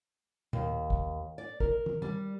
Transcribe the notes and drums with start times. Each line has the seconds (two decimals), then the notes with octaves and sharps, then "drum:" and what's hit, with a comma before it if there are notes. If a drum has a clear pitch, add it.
0.53 D#2, drum: tom
0.90 drum: kick
1.38 D5
1.60 A#4, drum: kick
1.86 drum: tom
2.02 G3, drum: tom